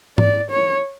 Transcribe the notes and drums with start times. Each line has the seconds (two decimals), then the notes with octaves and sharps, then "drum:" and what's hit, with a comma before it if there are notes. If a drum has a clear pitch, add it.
0.18 D5, drum: tom G#2
0.50 C#5